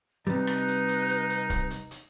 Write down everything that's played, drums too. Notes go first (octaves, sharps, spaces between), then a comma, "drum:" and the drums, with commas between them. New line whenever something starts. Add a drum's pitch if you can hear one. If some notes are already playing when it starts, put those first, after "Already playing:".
C3 G3 D#4 B4
drum: rim click
drum: hi-hat
drum: hi-hat
drum: hi-hat
drum: hi-hat
drum: kick, hi-hat
drum: hi-hat
drum: hi-hat